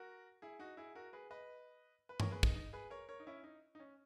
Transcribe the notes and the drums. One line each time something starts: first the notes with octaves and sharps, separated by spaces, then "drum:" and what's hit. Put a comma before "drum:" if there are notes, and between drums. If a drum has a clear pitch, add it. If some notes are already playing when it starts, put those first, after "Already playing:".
Already playing: F#4 A#4
E4 G#4
D#4 F#4
E4 G#4
F#4 A#4
G#4 B4
B4 D#5
B4
A#4 C#5, drum: tom G2
G#4 B4
D#4, drum: kick
D#4
G#4 B4
A#4 C#5
A#4 C#5
D#4
C#4 E4
D#4
D#4
C#4